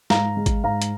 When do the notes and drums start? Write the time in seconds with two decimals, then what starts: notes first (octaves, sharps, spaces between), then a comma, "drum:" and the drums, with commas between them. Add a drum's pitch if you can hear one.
0.10 G#2 F5 A#5, drum: snare
0.37 G#3
0.46 drum: kick G#1, hi-hat
0.64 G#2 F5 A#5
0.82 drum: hi-hat